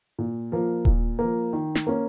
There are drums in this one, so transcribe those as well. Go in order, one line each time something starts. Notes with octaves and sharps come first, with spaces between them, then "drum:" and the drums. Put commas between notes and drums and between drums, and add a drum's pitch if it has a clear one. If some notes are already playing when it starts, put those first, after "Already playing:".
A#2
F3 A#3
A#2, drum: kick D#1
F3 A#3
D#3
drum: snare
A#3 C#4